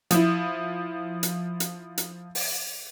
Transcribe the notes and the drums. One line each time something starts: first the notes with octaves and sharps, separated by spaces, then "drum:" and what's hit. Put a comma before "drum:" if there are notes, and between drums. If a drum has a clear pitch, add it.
F3 E4, drum: hi-hat
drum: hi-hat
drum: hi-hat
drum: hi-hat
drum: open hi-hat